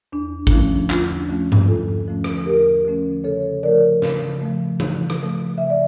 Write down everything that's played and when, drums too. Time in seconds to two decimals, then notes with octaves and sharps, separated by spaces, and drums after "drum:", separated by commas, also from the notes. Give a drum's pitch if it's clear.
0.12 E2 D4
0.47 D4, drum: kick
0.51 D3 F3 A3 C#4 E4
0.90 E2 D4 F4, drum: clap
1.29 D3 F3 A3 C#4
1.52 drum: tom G2
1.68 E2 F4 A4
2.08 D3 F3 A3 C#4
2.24 drum: rim click
2.46 E2 G4 A#4
2.85 D3 F3 A3 C#4
3.24 C#3 A4 C#5
3.63 F3 A3 A#4 D5
4.02 C#3, drum: snare
4.41 F3 A3
4.80 C#3, drum: tom E3
5.10 drum: rim click
5.19 F3 A3
5.58 C#3 E5
5.70 D5